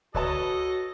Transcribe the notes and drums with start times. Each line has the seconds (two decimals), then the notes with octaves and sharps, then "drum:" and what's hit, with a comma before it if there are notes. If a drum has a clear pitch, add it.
0.15 F#4 A4 B4 C#5 D#5 A5 D#6, drum: kick C#2